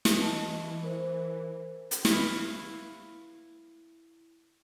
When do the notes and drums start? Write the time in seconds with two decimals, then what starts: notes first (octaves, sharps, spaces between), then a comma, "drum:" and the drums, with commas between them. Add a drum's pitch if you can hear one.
0.05 drum: snare
0.21 E3 D#5 A5
0.84 A#4 C5
1.91 drum: hi-hat
2.05 E4 B4 F5, drum: snare